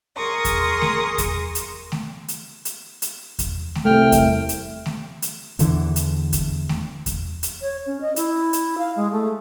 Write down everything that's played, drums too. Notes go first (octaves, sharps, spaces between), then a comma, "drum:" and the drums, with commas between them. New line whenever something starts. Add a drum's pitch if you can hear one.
G#4 A#4 C6 C#6 D#6
drum: kick E2, hi-hat
drum: snare A3
drum: kick E2, hi-hat
drum: hi-hat
drum: snare A3
drum: hi-hat
drum: hi-hat
drum: hi-hat
drum: kick E2, hi-hat
drum: snare A3
C2 A3 G5 F6
drum: kick E2, hi-hat
drum: hi-hat
drum: snare A3
drum: hi-hat
E2 D3 E3, drum: hi-hat
drum: hi-hat
drum: kick E2, hi-hat
drum: snare A3
drum: kick E2, hi-hat
drum: hi-hat
C#5
C#4
D#5
E4, drum: hi-hat
drum: hi-hat
F5
G#3
A3